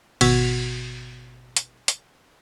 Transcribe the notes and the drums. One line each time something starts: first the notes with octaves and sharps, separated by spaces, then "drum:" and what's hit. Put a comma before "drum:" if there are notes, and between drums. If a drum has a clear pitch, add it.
G#1 B2 F#4 E6 G#6 B6, drum: cymbal
drum: hi-hat
drum: hi-hat